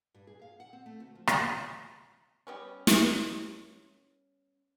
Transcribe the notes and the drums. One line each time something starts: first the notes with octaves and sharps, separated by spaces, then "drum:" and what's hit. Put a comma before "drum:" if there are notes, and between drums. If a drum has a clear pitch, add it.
G2
G#4
F5
F#5
C4
A3
D2
F3
D4, drum: rim click
G3 B3 C#4
drum: snare